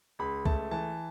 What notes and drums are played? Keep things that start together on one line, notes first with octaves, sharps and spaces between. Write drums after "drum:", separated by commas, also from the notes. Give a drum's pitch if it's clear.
C#2 B5
A3 A5, drum: kick
E3 A5